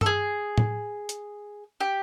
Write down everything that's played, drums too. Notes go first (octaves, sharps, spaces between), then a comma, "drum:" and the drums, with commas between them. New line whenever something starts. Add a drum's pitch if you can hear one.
A4, drum: tom G2
G#4
drum: tom A2
drum: hi-hat
G4